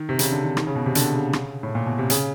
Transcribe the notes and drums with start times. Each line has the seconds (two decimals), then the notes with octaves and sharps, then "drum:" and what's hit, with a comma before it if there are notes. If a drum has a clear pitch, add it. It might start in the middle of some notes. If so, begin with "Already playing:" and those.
Already playing: D#3
0.09 C3
0.19 C#3, drum: hi-hat
0.32 D3
0.44 D3
0.57 D#3, drum: rim click
0.67 C#3
0.75 B2
0.86 C3
0.95 D3, drum: hi-hat
1.14 C#3
1.33 drum: rim click
1.63 A2
1.75 A#2
1.86 B2
1.98 C3
2.10 C#3, drum: hi-hat